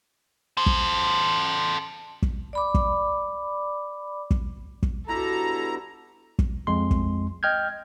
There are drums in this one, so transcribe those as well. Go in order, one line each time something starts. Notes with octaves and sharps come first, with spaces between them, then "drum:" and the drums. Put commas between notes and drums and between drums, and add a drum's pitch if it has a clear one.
A4 C5
drum: kick
drum: kick
D5 B5 D6
drum: kick
drum: kick
drum: kick
G2 B2 E4 A4 A#5 B5
drum: kick
F2 G#3 C6
drum: kick
D#5 G5 F6 G6 G#6